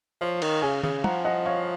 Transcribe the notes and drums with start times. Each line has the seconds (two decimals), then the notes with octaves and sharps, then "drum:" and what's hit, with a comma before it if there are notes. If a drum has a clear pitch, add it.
0.21 F3 C#5 F5
0.42 D#3, drum: cymbal
0.62 C#3 F5 G#5
0.83 C#3, drum: tom
1.04 F3 F#5 A#5, drum: tom
1.25 D#5 F#5
1.46 C#5 F5